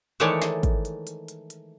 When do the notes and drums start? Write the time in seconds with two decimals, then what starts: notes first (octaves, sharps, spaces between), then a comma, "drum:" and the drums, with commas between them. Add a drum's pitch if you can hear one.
0.20 D#3 E3 G#3 A3 C#5 D5, drum: hi-hat
0.42 drum: snare
0.63 drum: kick, hi-hat
0.85 drum: hi-hat
1.07 drum: hi-hat
1.28 drum: hi-hat
1.50 drum: hi-hat